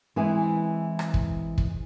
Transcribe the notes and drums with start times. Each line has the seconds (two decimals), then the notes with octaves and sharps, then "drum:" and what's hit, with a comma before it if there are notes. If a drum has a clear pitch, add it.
0.16 E3 G#3 C4 E4 G#4
0.99 drum: rim click
1.14 drum: kick
1.58 drum: kick